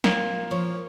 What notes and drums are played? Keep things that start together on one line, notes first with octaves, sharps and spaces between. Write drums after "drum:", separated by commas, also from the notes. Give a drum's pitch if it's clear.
A#2 A#3, drum: snare
F3 C#5